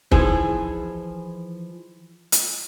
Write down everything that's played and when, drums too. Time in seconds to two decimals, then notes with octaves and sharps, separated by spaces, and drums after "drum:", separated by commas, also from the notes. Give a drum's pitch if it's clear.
0.12 E3 F3 D#4 E4 G#4 C5, drum: kick
2.32 drum: hi-hat